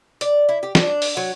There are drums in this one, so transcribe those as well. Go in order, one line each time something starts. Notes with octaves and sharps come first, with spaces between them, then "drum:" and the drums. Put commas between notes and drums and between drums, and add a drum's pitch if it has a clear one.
D5, drum: hi-hat
E4
G4
D4, drum: snare
drum: open hi-hat
F#3